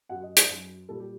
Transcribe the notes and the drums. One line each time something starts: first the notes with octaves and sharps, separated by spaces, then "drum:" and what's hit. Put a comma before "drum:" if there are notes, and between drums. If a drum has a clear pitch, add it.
F#2 F#3 F#5
D#5
D5, drum: hi-hat
F#2 F#3
A#2 G3 A4
G4